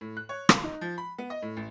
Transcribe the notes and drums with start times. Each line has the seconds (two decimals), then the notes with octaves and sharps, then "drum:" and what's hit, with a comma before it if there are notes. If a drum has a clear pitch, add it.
0.01 A2
0.17 F#6
0.29 C#5
0.49 F5, drum: rim click
0.63 D#4
0.81 F3
0.98 B5
1.18 B3
1.30 D#5
1.42 A2
1.57 A1